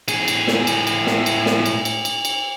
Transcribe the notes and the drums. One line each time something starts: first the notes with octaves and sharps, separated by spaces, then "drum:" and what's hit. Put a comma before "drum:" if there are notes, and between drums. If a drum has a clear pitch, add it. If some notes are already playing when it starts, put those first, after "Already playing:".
A2 G#4, drum: cymbal
drum: cymbal
drum: snare
drum: cymbal
drum: cymbal
drum: snare
drum: cymbal
drum: snare
drum: cymbal
drum: cymbal
drum: cymbal
drum: cymbal